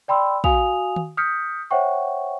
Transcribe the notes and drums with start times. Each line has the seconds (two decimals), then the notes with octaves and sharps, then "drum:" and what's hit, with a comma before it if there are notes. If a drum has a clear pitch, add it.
0.08 D5 G5 B5 C6 E6
0.44 F#4 F5 G#5 D#6 F7, drum: kick
0.96 drum: tom D#3
1.17 D#6 F6 G6 B6 C#7
1.71 C5 C#5 E5 F#5 G5 C#6